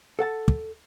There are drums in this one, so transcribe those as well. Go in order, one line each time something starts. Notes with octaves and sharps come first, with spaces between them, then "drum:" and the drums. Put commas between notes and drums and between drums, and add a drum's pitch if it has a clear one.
A4 F#5 A5
drum: kick